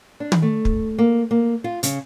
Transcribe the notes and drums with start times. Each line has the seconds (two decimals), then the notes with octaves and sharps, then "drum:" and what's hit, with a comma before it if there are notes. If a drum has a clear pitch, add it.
0.20 D4
0.32 drum: tom
0.42 A3
0.65 drum: kick
0.99 A#3
1.31 A#3
1.64 F4
1.83 C#3, drum: hi-hat